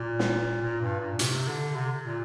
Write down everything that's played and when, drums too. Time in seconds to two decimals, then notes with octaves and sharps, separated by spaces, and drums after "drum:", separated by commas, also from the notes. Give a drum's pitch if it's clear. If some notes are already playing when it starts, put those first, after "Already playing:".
Already playing: A#2
0.19 drum: snare
0.62 A#2
0.81 G2
1.00 A#2
1.19 C3, drum: hi-hat
1.48 D3
1.76 C3
2.05 A#2